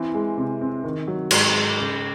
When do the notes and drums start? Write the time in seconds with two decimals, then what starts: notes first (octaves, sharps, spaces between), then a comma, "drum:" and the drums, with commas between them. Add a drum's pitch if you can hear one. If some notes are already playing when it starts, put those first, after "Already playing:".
Already playing: E3 C4
0.14 G#3
0.37 C3
0.61 C4
0.84 D#3
1.07 F#3
1.31 G#2, drum: cymbal
1.55 G#2
1.78 C#3